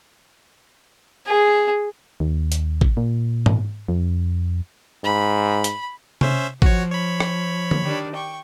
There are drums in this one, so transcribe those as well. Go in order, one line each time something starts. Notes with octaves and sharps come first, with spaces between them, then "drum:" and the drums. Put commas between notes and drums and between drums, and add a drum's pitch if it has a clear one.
G#4
D#2
drum: hi-hat
drum: kick G#1
A#2
drum: tom G#2
F2
G#2 B5
drum: hi-hat
C#4 C5 E5, drum: tom C3
F3 F#4 C#5, drum: kick G#1
C#5 B5
drum: rim click
drum: tom D3
D#3 G3 D4
G5 C#6